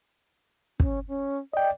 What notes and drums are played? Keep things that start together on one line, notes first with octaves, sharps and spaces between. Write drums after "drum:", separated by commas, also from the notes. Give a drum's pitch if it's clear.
C#4, drum: kick
C#4
D5 D#5 G5